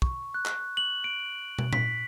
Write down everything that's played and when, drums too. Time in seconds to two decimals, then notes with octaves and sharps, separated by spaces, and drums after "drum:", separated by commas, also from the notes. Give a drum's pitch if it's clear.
0.02 C#6, drum: kick
0.34 F#6
0.46 drum: clap
0.77 F#7
1.04 D7
1.59 drum: tom
1.73 B6, drum: tom A#2